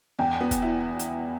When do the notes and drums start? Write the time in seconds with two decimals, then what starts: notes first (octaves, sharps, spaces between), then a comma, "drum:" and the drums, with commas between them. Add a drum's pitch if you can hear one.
0.19 E2 G5
0.40 B3
0.51 drum: kick, hi-hat
0.62 E4
0.99 drum: hi-hat